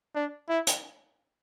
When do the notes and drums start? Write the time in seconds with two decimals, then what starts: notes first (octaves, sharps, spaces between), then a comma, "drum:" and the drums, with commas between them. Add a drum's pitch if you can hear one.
0.15 D4
0.49 E4
0.67 drum: hi-hat